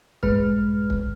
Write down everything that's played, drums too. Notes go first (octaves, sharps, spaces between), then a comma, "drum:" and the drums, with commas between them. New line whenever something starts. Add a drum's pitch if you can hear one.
A#1 G2 G#3 B4 F6, drum: kick
drum: kick